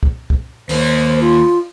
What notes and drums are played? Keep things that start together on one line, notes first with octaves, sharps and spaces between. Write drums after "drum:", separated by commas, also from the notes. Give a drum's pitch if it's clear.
drum: kick
drum: kick
D#2 A#3 C5, drum: open hi-hat
F4